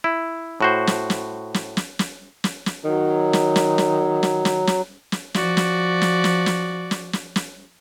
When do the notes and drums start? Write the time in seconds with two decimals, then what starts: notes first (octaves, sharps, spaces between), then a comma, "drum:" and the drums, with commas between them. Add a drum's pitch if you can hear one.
0.04 E4
0.61 A2 F#4 C5
0.87 drum: snare
1.10 drum: snare
1.54 drum: snare
1.77 drum: snare
1.99 drum: snare
2.44 drum: snare
2.66 drum: snare
2.84 D#3 F#3
3.33 drum: snare
3.56 drum: snare
3.78 drum: snare
4.23 drum: snare
4.45 drum: snare
4.67 drum: snare
5.12 drum: snare
5.34 F3 F#4 D5, drum: snare
5.57 drum: snare
6.01 drum: snare
6.24 drum: snare
6.46 drum: snare
6.91 drum: snare
7.13 drum: snare
7.36 drum: snare